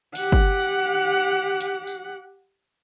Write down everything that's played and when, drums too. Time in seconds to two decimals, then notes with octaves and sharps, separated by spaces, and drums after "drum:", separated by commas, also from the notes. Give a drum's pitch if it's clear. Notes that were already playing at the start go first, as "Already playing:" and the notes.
0.15 G4 F#5, drum: open hi-hat
0.32 drum: kick
1.61 drum: hi-hat
1.87 drum: tambourine